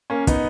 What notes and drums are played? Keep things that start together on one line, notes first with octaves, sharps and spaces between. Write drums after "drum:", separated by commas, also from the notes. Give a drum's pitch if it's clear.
A#3 C#4
B3 D#4, drum: kick, hi-hat